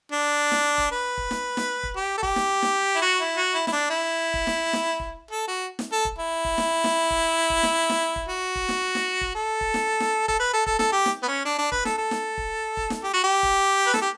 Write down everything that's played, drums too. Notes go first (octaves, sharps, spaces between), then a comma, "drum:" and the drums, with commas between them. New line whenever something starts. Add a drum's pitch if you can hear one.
D4
drum: snare
drum: kick
B4
drum: kick
drum: snare
drum: snare
drum: kick
G4
A4
G4, drum: kick
drum: snare
drum: snare
E4
F#4
E4
F#4
E4
E4, drum: snare
D4
E4
drum: kick
drum: snare
drum: snare
drum: kick
A4
F#4
drum: snare
A4
drum: kick
E4
drum: kick
drum: snare
drum: snare
drum: kick
drum: kick
drum: snare
drum: snare
drum: kick
F#4
drum: kick
drum: snare
drum: snare
drum: kick
A4
drum: kick
drum: snare
drum: snare
A4, drum: kick
B4
A4
A4, drum: kick
A4, drum: snare
G4
drum: snare
B3
C#4
D4
D4
B4, drum: kick
A4, drum: snare
A4
drum: snare
drum: kick
drum: kick
drum: snare
G4
F#4
G4
drum: kick
B4
A4, drum: snare
G4